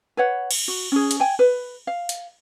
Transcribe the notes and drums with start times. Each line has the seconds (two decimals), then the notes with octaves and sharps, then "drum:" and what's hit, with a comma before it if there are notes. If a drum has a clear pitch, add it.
0.17 B4 C#5 F#5
0.51 drum: cymbal
0.68 F#4
0.92 C#4 G#4
1.11 drum: hi-hat
1.20 G5 G#5
1.39 B4
1.87 F5
2.09 drum: hi-hat